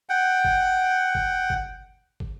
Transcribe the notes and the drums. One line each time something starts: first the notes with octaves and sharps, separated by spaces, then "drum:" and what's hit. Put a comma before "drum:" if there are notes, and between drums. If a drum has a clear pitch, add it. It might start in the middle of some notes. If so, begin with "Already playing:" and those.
F#5 G5
drum: kick
drum: kick
drum: kick
drum: kick